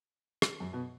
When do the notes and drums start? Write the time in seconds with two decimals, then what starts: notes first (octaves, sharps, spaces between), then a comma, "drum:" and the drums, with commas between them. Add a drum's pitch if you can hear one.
0.42 drum: rim click
0.60 F#2
0.73 B2